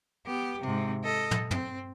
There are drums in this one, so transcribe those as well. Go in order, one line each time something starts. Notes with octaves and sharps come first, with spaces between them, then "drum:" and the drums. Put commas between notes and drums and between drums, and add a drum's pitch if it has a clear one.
B3 G4
G#2 C3
A4 D#5
drum: tom
C4, drum: tom